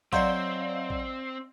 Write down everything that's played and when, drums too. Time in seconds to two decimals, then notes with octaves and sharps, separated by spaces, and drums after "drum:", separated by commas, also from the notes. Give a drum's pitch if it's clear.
0.13 F#3 C4 D5 D#5 F5 C6 G6, drum: kick
0.90 drum: kick